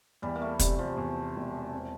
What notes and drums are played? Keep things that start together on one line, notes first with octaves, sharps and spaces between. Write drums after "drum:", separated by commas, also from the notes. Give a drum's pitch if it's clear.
E2 G3
A#3
A3
C3 G3, drum: kick, hi-hat
F3
E2
E1
C4